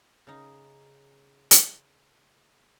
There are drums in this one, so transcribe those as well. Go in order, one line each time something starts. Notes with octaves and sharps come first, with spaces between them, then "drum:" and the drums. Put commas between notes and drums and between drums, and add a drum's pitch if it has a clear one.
C#3 D#4
drum: hi-hat